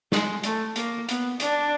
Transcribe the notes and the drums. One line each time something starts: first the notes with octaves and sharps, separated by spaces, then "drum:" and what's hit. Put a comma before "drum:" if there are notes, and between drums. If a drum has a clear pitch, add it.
G#3, drum: snare
A3, drum: hi-hat
A#3, drum: hi-hat
B3, drum: hi-hat
D4, drum: hi-hat